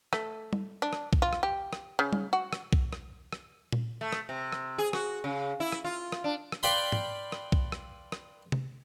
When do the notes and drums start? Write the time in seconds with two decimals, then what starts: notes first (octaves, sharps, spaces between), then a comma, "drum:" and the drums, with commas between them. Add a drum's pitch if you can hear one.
0.13 A3, drum: rim click
0.53 drum: tom G3
0.82 D4
0.93 drum: rim click
1.13 drum: kick B1
1.22 F4
1.33 drum: rim click
1.43 G4
1.73 drum: rim click
1.99 C#3
2.13 drum: tom G3
2.33 F#4
2.53 drum: rim click
2.73 drum: kick B1
2.93 drum: rim click
3.33 drum: rim click
3.73 drum: tom A#2
4.01 A3
4.12 drum: rim click
4.29 C3
4.52 drum: rim click
4.78 G#4
4.93 F#4, drum: rim click
5.24 C#3
5.60 E4
5.72 drum: rim click
5.85 F4
6.12 drum: rim click
6.24 D4
6.52 drum: rim click
6.63 B4 D5 F5 G5 B5 C6
6.92 drum: tom G#2
7.32 drum: rim click
7.52 drum: kick B1
7.72 drum: rim click
8.12 drum: rim click
8.52 drum: tom C3